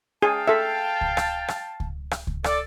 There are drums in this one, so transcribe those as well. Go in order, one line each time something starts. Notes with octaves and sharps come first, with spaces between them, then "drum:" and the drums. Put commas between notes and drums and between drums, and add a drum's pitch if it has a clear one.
G#4 F5 G5 A5
A4 E5
drum: kick C#2
drum: rim click
drum: rim click
drum: kick C#2
drum: rim click
drum: kick C#2
A4 D5, drum: rim click